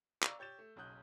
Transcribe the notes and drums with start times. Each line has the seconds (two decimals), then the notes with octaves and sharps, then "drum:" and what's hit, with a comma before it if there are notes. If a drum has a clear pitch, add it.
0.23 D5 F5 A#5 C#6 E6, drum: clap
0.39 G4 C#5 G6 A6 E7
0.58 A3
0.76 F#1 B1 C#4 D#6 F#6 G6